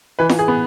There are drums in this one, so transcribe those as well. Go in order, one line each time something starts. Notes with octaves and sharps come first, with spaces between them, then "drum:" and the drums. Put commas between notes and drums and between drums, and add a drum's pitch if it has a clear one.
E3 B4
drum: snare F4
G#4
B3